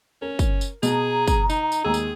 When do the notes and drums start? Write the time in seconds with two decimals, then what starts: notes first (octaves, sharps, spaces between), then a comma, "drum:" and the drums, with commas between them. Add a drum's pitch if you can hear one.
0.22 C#4 A#4
0.39 drum: kick, tambourine
0.61 drum: tambourine
0.83 B2 G#4 A#5, drum: tambourine
1.28 drum: kick, tambourine
1.50 D#4, drum: tambourine
1.72 drum: tambourine
1.85 D#2 G#3 G#4 E6
1.94 drum: tambourine